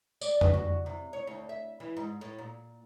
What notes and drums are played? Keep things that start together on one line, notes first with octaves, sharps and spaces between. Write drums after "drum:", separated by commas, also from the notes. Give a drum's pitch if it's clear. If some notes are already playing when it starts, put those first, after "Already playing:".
D5, drum: tambourine
B4, drum: tom
F#4
C3
C#5
D2
E5
E3
G#2
A2
A#2